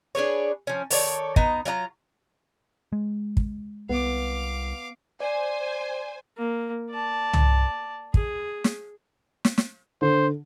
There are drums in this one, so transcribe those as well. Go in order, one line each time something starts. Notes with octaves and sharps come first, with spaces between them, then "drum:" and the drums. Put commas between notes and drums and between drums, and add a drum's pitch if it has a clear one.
D4 G#4 B4 C#5
F3 C#4
D#3 A4 C#5 D5, drum: open hi-hat
B3 D#4 A#5, drum: kick
F#3 F4 D#5 A#5
G#3
drum: kick
C2 B3 F5 D6
C5 D5 G#5
A#3
D5 A5
drum: tom
G#4, drum: kick
drum: snare
drum: snare
drum: snare
D3 C5